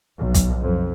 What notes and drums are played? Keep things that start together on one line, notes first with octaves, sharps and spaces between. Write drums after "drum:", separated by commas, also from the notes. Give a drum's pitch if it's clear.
B1
drum: kick, hi-hat
F2